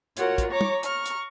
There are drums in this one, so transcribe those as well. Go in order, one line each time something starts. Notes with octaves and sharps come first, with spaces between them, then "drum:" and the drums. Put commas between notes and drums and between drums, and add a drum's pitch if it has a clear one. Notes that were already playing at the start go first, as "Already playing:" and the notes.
F4 F#4 A#4 C#5 F#5, drum: hi-hat
drum: kick, hi-hat
C#5 A#5 C#6 D6
drum: tom
A#5 C#6 F6, drum: hi-hat
drum: hi-hat